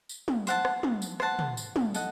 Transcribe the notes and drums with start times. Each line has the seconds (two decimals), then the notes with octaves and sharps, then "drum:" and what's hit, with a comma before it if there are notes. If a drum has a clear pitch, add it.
0.09 drum: tambourine
0.28 drum: tom
0.47 C5 F#5 A5, drum: tambourine
0.65 drum: rim click
0.83 drum: tom
1.02 drum: tambourine
1.20 C5 F#5 A5, drum: rim click
1.39 drum: tom
1.57 drum: tambourine
1.76 drum: tom
1.94 A4 D#5 F#5, drum: tambourine